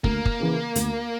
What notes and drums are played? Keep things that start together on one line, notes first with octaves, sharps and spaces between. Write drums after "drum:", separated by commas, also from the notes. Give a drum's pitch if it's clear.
D2 A#3, drum: kick
drum: kick
C#3 E3
D2, drum: hi-hat